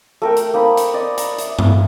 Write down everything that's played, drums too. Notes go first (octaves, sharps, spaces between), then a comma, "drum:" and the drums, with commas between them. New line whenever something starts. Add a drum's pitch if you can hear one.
A3 A#4 G5
drum: hi-hat
A#3 D#4 C5 B5
drum: hi-hat
D5 D#5
A#5, drum: hi-hat
E5, drum: hi-hat
drum: tom G2